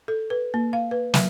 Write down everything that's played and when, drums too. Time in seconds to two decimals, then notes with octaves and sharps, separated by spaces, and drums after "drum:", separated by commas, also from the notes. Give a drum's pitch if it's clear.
0.08 A4
0.30 B4
0.54 A#3
0.73 F5
0.91 B4
1.14 F#3, drum: snare